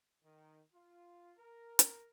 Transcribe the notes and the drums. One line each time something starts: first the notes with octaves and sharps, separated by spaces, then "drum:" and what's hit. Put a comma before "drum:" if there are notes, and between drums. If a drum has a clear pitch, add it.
D#3
F4
A#4
drum: hi-hat